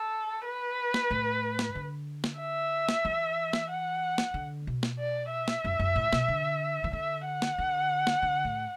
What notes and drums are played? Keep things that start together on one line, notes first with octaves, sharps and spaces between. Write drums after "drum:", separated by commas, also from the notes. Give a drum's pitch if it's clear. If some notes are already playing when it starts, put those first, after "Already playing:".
Already playing: A4
B4
drum: snare
A2
drum: snare
D3
drum: snare
E5
drum: snare
E3
drum: snare
F#5
drum: snare
D3
B2
drum: snare
D5
E5
drum: snare
F#2
F#2
A2
B2, drum: snare
D3
E3
D3 E5
F#5
drum: snare
D3
drum: snare
D3
A2